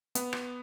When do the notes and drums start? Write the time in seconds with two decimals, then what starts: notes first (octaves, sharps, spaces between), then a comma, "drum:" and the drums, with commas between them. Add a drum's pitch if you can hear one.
0.15 B3, drum: hi-hat
0.33 drum: rim click